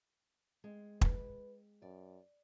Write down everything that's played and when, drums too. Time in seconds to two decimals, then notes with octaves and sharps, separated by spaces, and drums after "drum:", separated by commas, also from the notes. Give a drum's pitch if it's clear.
0.64 G#3 C4
1.01 B4, drum: kick
1.82 F#2 D5